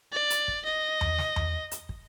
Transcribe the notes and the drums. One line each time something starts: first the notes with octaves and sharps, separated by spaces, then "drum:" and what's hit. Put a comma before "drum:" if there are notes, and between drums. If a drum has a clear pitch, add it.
D5
drum: hi-hat
drum: kick
D#5
drum: tom E2
drum: snare
drum: tom E2
drum: hi-hat
drum: kick